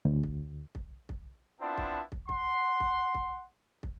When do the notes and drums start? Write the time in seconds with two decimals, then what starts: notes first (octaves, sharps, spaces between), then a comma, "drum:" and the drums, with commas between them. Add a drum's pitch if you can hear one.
0.05 D2
0.23 drum: kick
0.75 drum: kick
1.09 drum: kick
1.60 B3 C4 D4 E4 F4 A5
1.78 drum: kick
2.12 drum: kick
2.29 F#5 C6, drum: kick
2.80 drum: kick
3.15 drum: kick
3.83 drum: kick